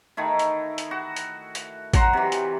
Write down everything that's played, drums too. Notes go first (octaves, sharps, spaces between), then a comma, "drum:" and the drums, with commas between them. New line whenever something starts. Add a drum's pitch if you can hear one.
D#3 A3 E4
drum: hi-hat
drum: hi-hat
F#4
drum: hi-hat
drum: hi-hat
F#3 F#5 A#5 C6, drum: kick A1, hi-hat
C3 E3
drum: hi-hat